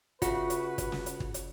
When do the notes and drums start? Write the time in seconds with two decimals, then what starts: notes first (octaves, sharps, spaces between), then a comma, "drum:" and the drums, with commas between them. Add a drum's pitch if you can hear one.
0.22 C#3 A3 F4 F#4 B4, drum: kick, hi-hat
0.50 drum: hi-hat
0.78 drum: kick, hi-hat
0.92 drum: snare
1.06 drum: hi-hat
1.20 drum: kick
1.34 drum: hi-hat